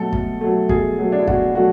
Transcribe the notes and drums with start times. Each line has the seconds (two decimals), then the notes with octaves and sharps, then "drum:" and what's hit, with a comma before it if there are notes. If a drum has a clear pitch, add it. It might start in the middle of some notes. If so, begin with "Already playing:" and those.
Already playing: B2 F#3 A3 A4
0.13 B2, drum: kick
0.41 F#3 A3
0.69 B2 G#4, drum: kick
0.98 F#3 A3
1.12 D4
1.20 E4
1.27 B2 F#4, drum: kick
1.55 F#3 A3 F#4